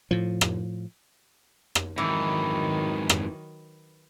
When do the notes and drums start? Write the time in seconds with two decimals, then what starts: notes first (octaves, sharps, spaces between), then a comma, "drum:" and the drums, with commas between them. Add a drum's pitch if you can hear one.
0.11 A2 F3
0.41 drum: rim click
1.75 drum: rim click
1.98 F2 G#2 D#3 E3 F#3
3.09 drum: rim click